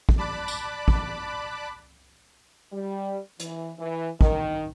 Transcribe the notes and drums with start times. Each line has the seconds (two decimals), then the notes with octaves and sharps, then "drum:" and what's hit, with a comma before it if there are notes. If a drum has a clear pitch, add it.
0.09 drum: kick
0.18 D5 A5 B5 D6 F#6
0.48 drum: tambourine
0.88 drum: kick
2.73 G3
3.40 E3, drum: hi-hat
3.79 E3
4.21 D#3, drum: kick